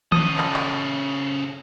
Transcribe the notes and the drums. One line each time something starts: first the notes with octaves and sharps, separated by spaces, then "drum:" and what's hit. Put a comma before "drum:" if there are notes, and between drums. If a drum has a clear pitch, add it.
C#3 A4 D#6, drum: tom D#3
drum: clap
drum: clap